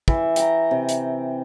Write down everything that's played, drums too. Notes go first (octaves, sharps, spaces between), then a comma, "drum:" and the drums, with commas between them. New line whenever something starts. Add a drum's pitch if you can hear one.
E3 E5 G5, drum: kick
G5 A#5, drum: hi-hat
C3
drum: hi-hat